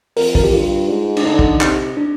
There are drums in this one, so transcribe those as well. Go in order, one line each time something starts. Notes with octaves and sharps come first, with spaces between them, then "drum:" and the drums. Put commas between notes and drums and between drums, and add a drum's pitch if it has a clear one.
F2 A#4, drum: open hi-hat
A#4, drum: kick
G4
G2 F4
G#2
D4, drum: cymbal
D3 D#4
drum: kick
C3, drum: clap
D4